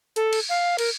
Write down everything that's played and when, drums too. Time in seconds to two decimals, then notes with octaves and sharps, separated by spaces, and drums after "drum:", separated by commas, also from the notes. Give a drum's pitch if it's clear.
0.16 A4, drum: hi-hat
0.33 drum: cymbal
0.49 F5
0.78 A#4, drum: cymbal